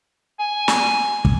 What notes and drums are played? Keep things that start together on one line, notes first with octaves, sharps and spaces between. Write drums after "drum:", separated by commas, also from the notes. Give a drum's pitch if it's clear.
G#5
drum: snare
drum: kick